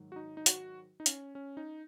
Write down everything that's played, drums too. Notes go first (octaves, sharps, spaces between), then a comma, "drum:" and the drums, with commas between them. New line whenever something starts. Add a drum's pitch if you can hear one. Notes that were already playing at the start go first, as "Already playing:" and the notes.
Already playing: G#2 D#3 F#3
F#4
D#4
D#4
F#4, drum: hi-hat
D#4
C#4, drum: hi-hat
C#4
D#4